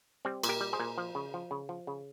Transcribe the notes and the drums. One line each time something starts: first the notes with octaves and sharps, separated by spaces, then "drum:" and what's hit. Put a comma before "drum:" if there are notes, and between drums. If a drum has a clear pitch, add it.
G3 C4
A#2, drum: cymbal
G4 A#4
G3
G#4 C5
A#2
F3
C#3
F3
C#3
F3
C#3